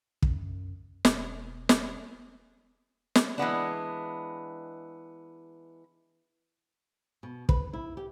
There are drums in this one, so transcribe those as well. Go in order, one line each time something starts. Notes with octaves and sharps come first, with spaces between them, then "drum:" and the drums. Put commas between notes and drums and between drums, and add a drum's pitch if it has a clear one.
F#2, drum: kick
E1, drum: snare
drum: snare
drum: snare
E3 G#3 B3 D4
B2
B4, drum: kick
E4
G4